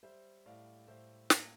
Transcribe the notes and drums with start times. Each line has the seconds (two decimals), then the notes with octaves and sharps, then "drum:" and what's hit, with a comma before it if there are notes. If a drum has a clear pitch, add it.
0.03 G3 C5 E5
0.46 A2 D5 F5
0.88 A2 C5 E5
1.30 A#3, drum: snare